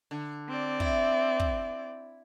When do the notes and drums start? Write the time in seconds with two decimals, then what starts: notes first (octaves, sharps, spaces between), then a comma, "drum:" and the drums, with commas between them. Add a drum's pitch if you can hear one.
0.11 D3
0.49 C4 D5
0.80 E4, drum: kick
1.40 drum: kick